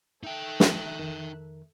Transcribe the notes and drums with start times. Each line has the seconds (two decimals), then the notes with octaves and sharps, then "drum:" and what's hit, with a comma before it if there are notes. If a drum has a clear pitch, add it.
0.23 A3 D#4 E5 G5 F#6
0.60 drum: snare
0.99 F2 D#3 A#4